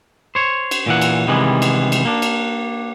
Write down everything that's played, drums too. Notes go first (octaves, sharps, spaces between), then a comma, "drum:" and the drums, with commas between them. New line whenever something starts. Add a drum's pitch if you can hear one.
C5 C#5
drum: cymbal
A#2 E3 F#5
drum: cymbal
C3 D#3 E3 G3 G#3 B3
drum: cymbal
drum: cymbal
A#3 D4
drum: cymbal